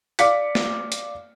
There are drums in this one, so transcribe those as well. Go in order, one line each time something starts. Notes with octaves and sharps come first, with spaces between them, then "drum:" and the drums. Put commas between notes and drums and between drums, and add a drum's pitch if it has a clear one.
D5 F5 D6 B6 C#7, drum: hi-hat
drum: snare
drum: hi-hat